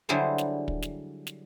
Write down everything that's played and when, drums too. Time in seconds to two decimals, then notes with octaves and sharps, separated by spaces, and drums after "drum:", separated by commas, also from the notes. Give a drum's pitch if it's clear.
0.09 D3 F#3 G3 E4 G#4 C5
0.38 drum: snare
0.68 drum: kick
0.82 drum: snare
1.27 drum: snare